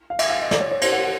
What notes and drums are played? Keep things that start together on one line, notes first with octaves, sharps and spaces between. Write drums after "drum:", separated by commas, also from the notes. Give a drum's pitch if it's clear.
F5
E5, drum: cymbal
F5
D#5
D5, drum: snare
C#5
C#5
C5, drum: cymbal
F#5
F#5